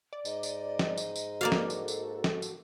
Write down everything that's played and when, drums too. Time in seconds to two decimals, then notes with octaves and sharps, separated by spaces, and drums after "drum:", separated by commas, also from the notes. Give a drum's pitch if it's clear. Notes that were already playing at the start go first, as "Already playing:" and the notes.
0.13 D5
0.25 G#2 D#5, drum: tambourine
0.43 drum: tambourine
0.79 drum: snare
0.98 drum: tambourine
1.16 drum: tambourine
1.41 A#3 F#4 A4 D5 F5
1.52 drum: snare
1.70 drum: tambourine
1.88 drum: tambourine
2.24 drum: snare
2.42 drum: tambourine